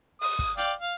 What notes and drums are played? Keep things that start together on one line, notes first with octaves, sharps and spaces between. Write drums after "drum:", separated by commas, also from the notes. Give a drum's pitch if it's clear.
D#6, drum: open hi-hat
drum: kick
D5 F5 G5, drum: hi-hat
F5